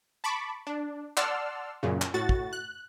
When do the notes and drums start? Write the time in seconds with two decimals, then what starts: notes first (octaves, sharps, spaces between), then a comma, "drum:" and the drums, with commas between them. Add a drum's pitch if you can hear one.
0.24 A5 B5 C#6 D6
0.67 D4
1.17 D5 F#5 A5 C6 E6 F6, drum: clap
1.83 F#2 A#2 C#3
2.02 drum: clap
2.14 A2 F#4 A6
2.29 drum: kick
2.53 F#6